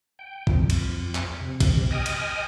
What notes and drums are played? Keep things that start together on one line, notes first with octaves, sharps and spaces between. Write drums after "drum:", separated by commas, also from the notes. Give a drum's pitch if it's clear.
G5
F2, drum: kick
drum: cymbal
drum: clap
C3
drum: kick, cymbal
D#5 G5 G#5 D#6 F6
drum: cymbal